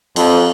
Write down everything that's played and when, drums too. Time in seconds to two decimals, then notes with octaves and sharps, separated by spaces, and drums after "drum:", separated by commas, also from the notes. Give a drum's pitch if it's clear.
0.16 F2, drum: cymbal